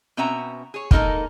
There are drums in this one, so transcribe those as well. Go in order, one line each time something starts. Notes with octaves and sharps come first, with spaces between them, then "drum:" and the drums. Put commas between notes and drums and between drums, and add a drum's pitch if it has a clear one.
B2 C4 C#4 E5 F#5 A#5
G#4 C#5
G#3 A#3 B3 D#4 A4 A#4, drum: kick